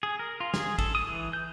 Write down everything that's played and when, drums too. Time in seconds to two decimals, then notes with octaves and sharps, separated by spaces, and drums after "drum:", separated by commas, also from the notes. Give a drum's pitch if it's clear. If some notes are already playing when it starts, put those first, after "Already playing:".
0.03 G#4
0.19 A#4
0.40 F4
0.54 G#4, drum: snare
0.78 A4, drum: kick, cymbal
0.95 D#6
1.08 E3
1.33 G6